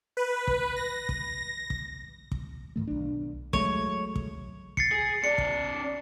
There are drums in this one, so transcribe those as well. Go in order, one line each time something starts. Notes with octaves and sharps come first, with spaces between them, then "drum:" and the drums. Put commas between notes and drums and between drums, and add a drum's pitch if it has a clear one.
B4
drum: kick
A#6
drum: kick
drum: kick
drum: kick
G#2 D#3 A3
B1 D4
F#3 G#3 A3 C#5, drum: kick
drum: kick
A6 C7 C#7, drum: kick
G#4
C#4 D5 C#7
drum: kick